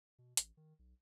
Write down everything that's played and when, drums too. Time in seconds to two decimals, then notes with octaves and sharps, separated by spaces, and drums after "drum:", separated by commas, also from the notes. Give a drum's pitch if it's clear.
0.19 B2
0.37 A1, drum: hi-hat
0.57 D#3
0.79 B1